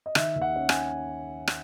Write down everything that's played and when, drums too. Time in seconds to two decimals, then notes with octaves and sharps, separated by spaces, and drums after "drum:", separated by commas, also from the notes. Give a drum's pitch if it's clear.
0.06 D#5
0.15 D#3 E5, drum: rim click
0.36 D#2
0.41 F#5
0.56 C#4
0.69 G#5, drum: rim click
1.47 drum: rim click